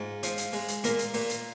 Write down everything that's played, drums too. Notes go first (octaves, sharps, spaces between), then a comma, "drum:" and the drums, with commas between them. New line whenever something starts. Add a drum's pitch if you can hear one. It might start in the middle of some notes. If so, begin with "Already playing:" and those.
Already playing: G#2 F4
F3, drum: hi-hat
drum: hi-hat
G#3, drum: open hi-hat
drum: hi-hat
A#2 A#4, drum: hi-hat
drum: hi-hat
A#2, drum: open hi-hat
drum: hi-hat